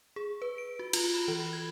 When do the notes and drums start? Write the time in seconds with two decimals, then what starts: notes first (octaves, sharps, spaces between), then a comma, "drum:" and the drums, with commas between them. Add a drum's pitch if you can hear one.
0.16 G#4
0.42 B4
0.58 D7
0.79 F#4
0.93 F4, drum: cymbal
1.14 B5
1.28 E3
1.40 B5
1.53 G#6